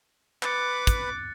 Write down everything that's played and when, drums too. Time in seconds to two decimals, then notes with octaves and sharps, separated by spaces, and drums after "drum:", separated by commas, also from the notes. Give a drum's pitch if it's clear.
0.43 B4 B5 D6 F#6 A6 C#7, drum: clap
0.87 drum: kick, hi-hat